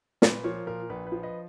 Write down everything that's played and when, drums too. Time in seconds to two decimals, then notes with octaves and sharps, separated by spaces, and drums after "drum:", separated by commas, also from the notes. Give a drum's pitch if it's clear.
0.22 A#2 B4, drum: snare
0.44 F3 A#4 C#5
0.67 A#2 A#4
0.89 A#1 B4
1.07 B4
1.12 F3
1.23 B4 D#5